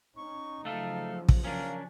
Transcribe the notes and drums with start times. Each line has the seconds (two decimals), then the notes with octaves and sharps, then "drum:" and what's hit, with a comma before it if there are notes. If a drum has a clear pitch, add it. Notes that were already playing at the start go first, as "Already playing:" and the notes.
0.16 C#4 D#4 C#6
0.65 C#3 F3 F#3 A3 A4 F5
1.29 drum: kick
1.44 C#4 D4 A#4 F5